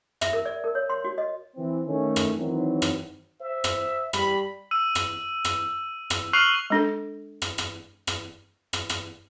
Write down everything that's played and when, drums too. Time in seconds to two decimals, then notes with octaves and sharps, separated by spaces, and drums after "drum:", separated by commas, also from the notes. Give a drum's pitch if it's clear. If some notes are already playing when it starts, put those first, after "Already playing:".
0.21 E5, drum: rim click
0.33 A#4
0.46 D5
0.64 A#4
0.75 C#5
0.90 C6
1.04 F#4
1.18 D#5
1.56 E3 C4
1.87 D#3 A3 C#4
2.16 drum: rim click
2.36 D#3 E3 F#3 C4
2.82 drum: rim click
3.41 C5 E5
3.64 drum: rim click
4.13 G3 B5, drum: rim click
4.71 E6 D#7
4.95 drum: rim click
5.45 drum: rim click
6.10 drum: rim click
6.33 C#6 F6 F#6 C7 F7 F#7
6.70 G#3 D4 A4
7.42 drum: rim click
7.58 drum: rim click
8.07 drum: rim click
8.73 drum: rim click
8.89 drum: rim click